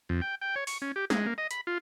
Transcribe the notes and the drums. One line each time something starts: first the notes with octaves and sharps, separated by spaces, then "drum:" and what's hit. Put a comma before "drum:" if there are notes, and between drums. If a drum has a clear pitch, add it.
F2
G5
G5
C#5
C#6, drum: open hi-hat
C#4
G4
G#3, drum: snare
A#3
D#5
B5, drum: hi-hat
F4